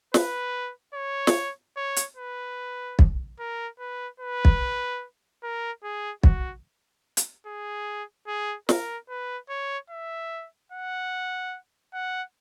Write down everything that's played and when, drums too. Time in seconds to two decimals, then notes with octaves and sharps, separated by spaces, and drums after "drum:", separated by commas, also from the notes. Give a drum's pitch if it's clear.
0.14 B4, drum: snare
0.94 C#5
1.27 drum: snare
1.76 C#5
1.96 drum: hi-hat
2.17 B4
2.99 drum: kick
3.40 A#4
3.79 B4
4.20 B4
4.45 drum: kick
5.43 A#4
5.84 G#4
6.23 F#4, drum: kick
7.17 drum: hi-hat
7.46 G#4
8.28 G#4
8.69 A#4, drum: snare
9.09 B4
9.49 C#5
9.90 E5
10.72 F#5
11.94 F#5